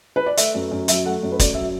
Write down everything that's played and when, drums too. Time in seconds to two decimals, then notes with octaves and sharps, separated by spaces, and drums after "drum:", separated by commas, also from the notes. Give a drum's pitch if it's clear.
0.16 B4
0.26 D5
0.37 A3 E5, drum: hi-hat
0.55 F#2
0.72 F#2
0.88 F#3 E5, drum: hi-hat
1.06 A3 F#5
1.23 F#2
1.32 B4
1.39 F#2 D5, drum: kick, hi-hat
1.54 F#3 E5